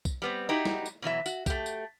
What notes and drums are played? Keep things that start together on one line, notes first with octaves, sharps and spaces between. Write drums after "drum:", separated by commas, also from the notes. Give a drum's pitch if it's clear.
drum: kick B1, tambourine
G3 B3 C4
D#4 E4 F#4 G4
drum: snare
drum: tambourine
B2 E3 F#3 E5
F#4, drum: tambourine
A3 G4, drum: kick B1, tambourine
drum: tambourine